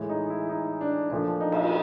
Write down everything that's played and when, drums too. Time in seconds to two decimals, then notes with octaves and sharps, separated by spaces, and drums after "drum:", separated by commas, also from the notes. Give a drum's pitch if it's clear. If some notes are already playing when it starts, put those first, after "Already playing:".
Already playing: A2 E3 G#3
0.09 D#4
0.30 E4
0.49 D#4
0.81 D4
1.10 A#2 F3 A3 D4
1.40 D#4
1.52 drum: cymbal